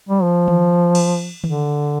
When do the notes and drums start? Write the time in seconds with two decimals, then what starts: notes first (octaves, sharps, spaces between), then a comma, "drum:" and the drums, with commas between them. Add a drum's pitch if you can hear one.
0.09 G3
0.23 F3
0.48 drum: tom D#3
0.95 drum: cymbal
1.44 D3, drum: tom D#3